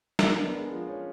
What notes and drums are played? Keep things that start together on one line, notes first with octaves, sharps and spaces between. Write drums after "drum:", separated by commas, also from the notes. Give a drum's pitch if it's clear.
D4 A#4, drum: snare
B3
G#3
F3
C#4